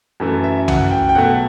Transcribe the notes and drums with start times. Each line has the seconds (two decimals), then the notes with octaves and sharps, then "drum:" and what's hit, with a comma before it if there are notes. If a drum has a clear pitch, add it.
0.20 F#2 E3 A3
0.44 E5
0.68 F#5, drum: tom B1
0.91 G5
1.09 G5
1.15 B2 F#3 A3 F#5